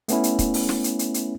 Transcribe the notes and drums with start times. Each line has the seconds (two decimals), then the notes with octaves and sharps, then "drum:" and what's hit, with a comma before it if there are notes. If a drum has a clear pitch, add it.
0.08 A3 B3 C#4 E4, drum: hi-hat
0.24 drum: hi-hat
0.39 drum: kick C#1, hi-hat
0.54 drum: open hi-hat
0.69 drum: snare
0.84 drum: hi-hat
0.99 drum: hi-hat
1.14 drum: hi-hat